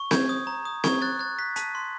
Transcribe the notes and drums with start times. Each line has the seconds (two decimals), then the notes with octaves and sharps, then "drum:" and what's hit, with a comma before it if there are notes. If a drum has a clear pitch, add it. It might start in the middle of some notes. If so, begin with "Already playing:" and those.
Already playing: C#6
0.11 G6 G#6, drum: snare C4
0.29 D#6
0.47 A#5
0.65 D#6
0.84 C#6 G#6, drum: snare C4
1.02 F#6 A6
1.19 F#6 A6
1.39 F#6 B6
1.56 A5 B6, drum: hi-hat
1.75 C6